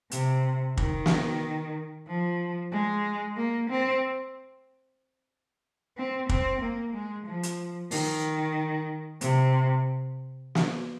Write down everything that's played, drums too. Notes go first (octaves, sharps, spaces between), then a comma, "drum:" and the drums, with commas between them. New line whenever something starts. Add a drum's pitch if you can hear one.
C3, drum: hi-hat
D#3, drum: kick
drum: snare
F3
G#3
A#3
C4
C4
C4, drum: kick
A#3
G#3
F3
drum: hi-hat
D#3, drum: open hi-hat
C3, drum: hi-hat
drum: snare